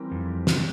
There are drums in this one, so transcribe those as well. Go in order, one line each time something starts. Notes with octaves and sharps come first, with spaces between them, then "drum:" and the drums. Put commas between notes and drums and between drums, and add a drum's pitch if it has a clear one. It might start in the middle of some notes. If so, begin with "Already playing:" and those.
Already playing: E3 G3 C4 G4 A#4
F2
drum: snare